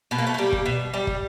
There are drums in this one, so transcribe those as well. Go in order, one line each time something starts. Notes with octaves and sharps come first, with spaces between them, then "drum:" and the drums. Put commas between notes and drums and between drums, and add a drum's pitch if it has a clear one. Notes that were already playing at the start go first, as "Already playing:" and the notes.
B2 B3
A#3
A3
G3 A#3
drum: kick
B2
G3
drum: kick